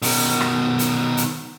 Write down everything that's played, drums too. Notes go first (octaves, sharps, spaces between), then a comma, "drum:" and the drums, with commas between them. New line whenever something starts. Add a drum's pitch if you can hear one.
B2 D#3, drum: open hi-hat
drum: rim click
drum: hi-hat
drum: hi-hat